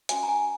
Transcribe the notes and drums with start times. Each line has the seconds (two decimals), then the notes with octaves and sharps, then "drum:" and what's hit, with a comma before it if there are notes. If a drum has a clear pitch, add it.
0.09 C#4 F#4 C5 G#5, drum: hi-hat
0.23 A#5
0.28 G#5